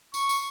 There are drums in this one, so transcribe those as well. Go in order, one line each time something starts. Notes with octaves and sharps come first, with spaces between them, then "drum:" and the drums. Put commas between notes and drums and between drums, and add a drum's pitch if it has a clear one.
C#6, drum: tambourine
drum: tambourine